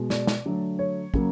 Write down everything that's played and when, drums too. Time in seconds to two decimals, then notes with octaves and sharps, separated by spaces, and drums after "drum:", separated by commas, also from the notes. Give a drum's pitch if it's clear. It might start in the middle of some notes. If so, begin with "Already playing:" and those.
Already playing: B2 G#3
0.10 D5, drum: snare
0.27 drum: snare
0.45 D3 F#3 A3
0.79 C#5
1.14 C#3 F#3 A#3, drum: kick